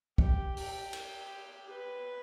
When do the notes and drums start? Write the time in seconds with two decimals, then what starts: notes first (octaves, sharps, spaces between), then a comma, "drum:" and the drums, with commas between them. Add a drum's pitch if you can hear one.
0.18 G4, drum: kick
0.57 G4, drum: open hi-hat
0.93 drum: cymbal
1.71 B4